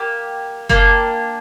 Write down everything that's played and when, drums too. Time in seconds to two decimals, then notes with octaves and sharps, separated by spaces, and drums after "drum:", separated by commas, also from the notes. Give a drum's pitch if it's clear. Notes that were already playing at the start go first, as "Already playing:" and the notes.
Already playing: A#3 G4
0.70 A#3 D4 G4, drum: kick F#1